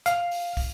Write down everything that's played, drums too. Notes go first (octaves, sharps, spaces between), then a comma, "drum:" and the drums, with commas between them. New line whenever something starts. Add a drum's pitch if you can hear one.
F5, drum: hi-hat
drum: open hi-hat
drum: kick, open hi-hat